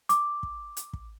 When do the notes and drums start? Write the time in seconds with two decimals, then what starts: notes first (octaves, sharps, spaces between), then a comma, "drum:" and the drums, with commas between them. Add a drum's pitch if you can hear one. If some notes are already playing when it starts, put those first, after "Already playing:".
0.09 D6, drum: hi-hat
0.43 drum: kick
0.77 drum: hi-hat
0.93 drum: kick